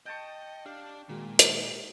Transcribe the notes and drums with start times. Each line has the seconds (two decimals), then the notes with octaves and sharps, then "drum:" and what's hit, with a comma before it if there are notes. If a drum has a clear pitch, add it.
0.06 D#5 G5 A5 C#6
0.66 D4 G4 F5
1.09 A#2 D#3 G#3 F#4
1.39 drum: hi-hat